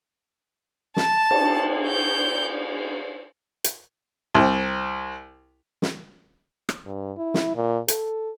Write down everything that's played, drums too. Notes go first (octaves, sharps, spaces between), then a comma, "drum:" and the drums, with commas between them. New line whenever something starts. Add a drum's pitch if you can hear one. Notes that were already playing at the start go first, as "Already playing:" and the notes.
A5, drum: snare
drum: cymbal
G6
drum: hi-hat
C2
drum: snare
drum: rim click
G2
E4
drum: snare
A#2
A4, drum: hi-hat